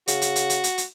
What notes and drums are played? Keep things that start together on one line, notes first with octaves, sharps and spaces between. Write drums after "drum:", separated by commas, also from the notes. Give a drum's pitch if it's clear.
C#3 F#4, drum: hi-hat
drum: hi-hat
drum: hi-hat
drum: hi-hat
drum: hi-hat
drum: hi-hat